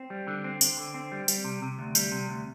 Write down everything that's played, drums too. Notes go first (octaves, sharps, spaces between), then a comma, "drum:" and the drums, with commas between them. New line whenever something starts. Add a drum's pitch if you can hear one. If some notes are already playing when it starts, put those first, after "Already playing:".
Already playing: C4
G3
D3
C4
C4, drum: tambourine
D3
C4
G3
G3, drum: tambourine
C3
C3
D2
G3, drum: tambourine
C3
D2